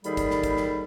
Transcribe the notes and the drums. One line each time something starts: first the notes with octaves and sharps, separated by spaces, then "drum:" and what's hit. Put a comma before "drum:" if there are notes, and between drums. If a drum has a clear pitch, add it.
D#2 D#3 G3 G#4 A4 B5, drum: hi-hat
drum: kick, hi-hat
drum: snare
drum: kick, hi-hat
drum: snare